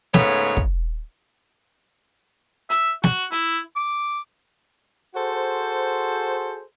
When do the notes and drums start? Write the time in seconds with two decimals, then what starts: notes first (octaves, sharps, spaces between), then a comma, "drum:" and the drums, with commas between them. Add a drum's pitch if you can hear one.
0.14 G#2 C#3 A3 B3 C#5, drum: snare
0.57 drum: kick
2.70 E5, drum: hi-hat
3.04 F#4, drum: snare
3.32 E4, drum: hi-hat
3.76 D6
5.14 F#4 G#4 A4 C5